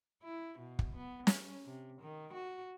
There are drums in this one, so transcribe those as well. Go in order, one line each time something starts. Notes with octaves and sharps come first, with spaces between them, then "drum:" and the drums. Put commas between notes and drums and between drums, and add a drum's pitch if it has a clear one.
E4
B2
drum: kick
B3
C#4, drum: snare
C3
D#3
F#4